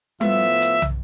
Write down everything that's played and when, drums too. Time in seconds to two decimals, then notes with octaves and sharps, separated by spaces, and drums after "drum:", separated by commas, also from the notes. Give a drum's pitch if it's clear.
0.21 A2 F3 B3 E5, drum: tom G3
0.62 drum: hi-hat
0.82 drum: tom